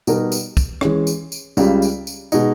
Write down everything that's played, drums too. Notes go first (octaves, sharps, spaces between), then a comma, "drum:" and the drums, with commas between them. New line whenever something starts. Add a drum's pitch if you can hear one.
B2 G3 B3 D#4 A#4, drum: tambourine
drum: tambourine
drum: kick, tambourine
E3 G#3 C#4, drum: rim click
drum: tambourine
drum: tambourine
C#2 C#3 G3, drum: tambourine
drum: tambourine
drum: tambourine
B2 G#3 D#4, drum: tambourine